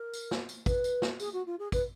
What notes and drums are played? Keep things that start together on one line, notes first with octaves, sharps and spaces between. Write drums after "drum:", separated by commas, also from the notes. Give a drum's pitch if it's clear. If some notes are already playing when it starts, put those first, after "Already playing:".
Already playing: A#4
drum: tambourine
drum: snare
drum: tambourine
B4, drum: kick, tambourine
drum: tambourine
drum: snare
G#4, drum: tambourine
F#4
F4
G#4
B4, drum: kick, tambourine